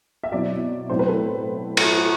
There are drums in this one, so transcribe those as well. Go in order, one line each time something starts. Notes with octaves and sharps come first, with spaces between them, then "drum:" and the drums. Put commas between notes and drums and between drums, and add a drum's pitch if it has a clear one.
E5
B2 F#3 C4 E4 D5
A2 F#3 C4 E4 C5
B4
A4
drum: cymbal